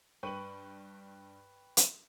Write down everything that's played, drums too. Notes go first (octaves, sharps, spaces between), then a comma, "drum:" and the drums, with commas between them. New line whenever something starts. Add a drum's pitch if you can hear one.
G2 B4 G5 C#6 D#7 F#7
drum: hi-hat